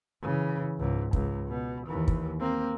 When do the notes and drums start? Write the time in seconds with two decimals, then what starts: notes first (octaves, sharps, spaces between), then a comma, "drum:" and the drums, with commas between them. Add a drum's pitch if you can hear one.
0.22 C#3 E3
0.79 C#2 G#2
1.13 C#2 G#2, drum: kick
1.48 B2
1.86 D#2 E3
2.08 drum: kick
2.40 A#3 C4